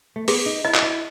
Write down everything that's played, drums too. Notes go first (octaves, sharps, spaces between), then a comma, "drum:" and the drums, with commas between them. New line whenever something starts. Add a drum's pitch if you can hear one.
A3
B3 G#4, drum: open hi-hat
D#4
E4 D#5
F#4, drum: clap
E4